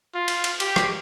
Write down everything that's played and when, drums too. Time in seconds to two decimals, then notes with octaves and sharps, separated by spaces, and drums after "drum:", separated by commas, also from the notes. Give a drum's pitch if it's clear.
0.15 F4
0.28 drum: cymbal
0.44 drum: cymbal
0.60 G4, drum: cymbal
0.76 drum: rim click